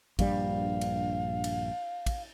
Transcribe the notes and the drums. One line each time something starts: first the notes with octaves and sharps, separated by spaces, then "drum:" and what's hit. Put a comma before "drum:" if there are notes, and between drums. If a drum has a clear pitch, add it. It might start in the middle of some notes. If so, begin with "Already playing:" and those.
A#1 G2 G3 F5, drum: kick, cymbal
drum: cymbal
drum: cymbal
drum: kick, cymbal